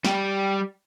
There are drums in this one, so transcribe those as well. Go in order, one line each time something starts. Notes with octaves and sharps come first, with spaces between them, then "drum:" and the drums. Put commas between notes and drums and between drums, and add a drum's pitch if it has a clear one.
G3 G5, drum: snare